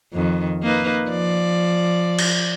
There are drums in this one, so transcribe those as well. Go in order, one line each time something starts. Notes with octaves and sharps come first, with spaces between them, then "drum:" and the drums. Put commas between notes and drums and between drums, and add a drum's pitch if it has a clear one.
F2 D#3
A#3 D#4 B4
F3 D5
drum: cymbal